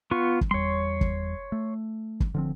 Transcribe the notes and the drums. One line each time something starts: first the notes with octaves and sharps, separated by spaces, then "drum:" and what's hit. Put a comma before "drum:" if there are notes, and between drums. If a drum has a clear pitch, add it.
B3 F4 C#6
drum: kick
E2 G3 C#5 C6
drum: kick
A3
drum: kick
D3 F3 C4